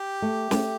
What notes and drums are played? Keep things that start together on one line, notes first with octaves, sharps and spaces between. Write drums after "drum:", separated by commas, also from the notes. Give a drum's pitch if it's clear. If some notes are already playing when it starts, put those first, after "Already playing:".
Already playing: G4
A3
A3, drum: snare